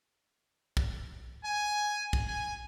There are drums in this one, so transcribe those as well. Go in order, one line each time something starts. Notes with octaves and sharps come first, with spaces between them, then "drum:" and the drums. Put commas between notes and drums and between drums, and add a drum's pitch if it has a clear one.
drum: kick
G#5
drum: kick
G#5